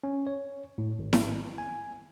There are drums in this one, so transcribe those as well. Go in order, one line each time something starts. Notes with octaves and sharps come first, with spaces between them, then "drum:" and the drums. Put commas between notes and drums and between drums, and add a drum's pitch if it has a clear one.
C#4
C#5
A2
G#1
drum: snare E4
G#5